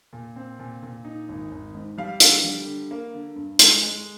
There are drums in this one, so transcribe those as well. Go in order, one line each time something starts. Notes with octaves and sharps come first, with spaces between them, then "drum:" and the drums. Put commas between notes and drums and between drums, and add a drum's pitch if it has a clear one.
A#2
C4
A#2
A#2
D#4
G#1
G#1
G#2
G3 F5
D3 F5, drum: hi-hat
G3
D3
A#3
D3
G2
G#3, drum: hi-hat
G#3